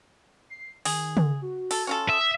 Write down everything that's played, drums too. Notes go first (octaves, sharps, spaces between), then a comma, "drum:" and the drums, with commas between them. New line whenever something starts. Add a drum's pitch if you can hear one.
C7
D#3 G#4, drum: open hi-hat
drum: tom C#3
F#4
A4, drum: open hi-hat
C#4 F4 A4
E5 D#6